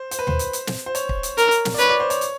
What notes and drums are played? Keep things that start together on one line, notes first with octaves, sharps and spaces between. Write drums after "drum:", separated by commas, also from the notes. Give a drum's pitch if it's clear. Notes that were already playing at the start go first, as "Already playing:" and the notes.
Already playing: C5
C5, drum: hi-hat
B4
C5, drum: tom
drum: hi-hat
drum: hi-hat
drum: snare
C5
C#5, drum: hi-hat
drum: kick
drum: hi-hat
A#4, drum: hi-hat
drum: hi-hat
drum: snare
D5
B4 C#5, drum: hi-hat
D5
C5
C#5, drum: hi-hat
drum: hi-hat